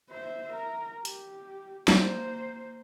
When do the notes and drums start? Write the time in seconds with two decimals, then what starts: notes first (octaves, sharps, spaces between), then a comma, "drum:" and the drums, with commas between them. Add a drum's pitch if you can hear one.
0.11 C5 E5
0.53 A#4
1.05 G4, drum: hi-hat
1.88 A#3 C5, drum: snare